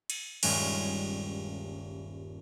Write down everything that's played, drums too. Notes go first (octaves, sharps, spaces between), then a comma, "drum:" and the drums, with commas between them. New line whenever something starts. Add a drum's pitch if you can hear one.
drum: cymbal
D#1 G2 G#3 C#4, drum: cymbal